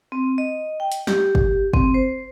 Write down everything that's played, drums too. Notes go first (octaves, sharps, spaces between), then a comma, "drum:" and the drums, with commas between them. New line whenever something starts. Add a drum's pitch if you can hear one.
C4
D#5
G5
drum: hi-hat
G4, drum: snare
drum: kick
C4, drum: kick
C5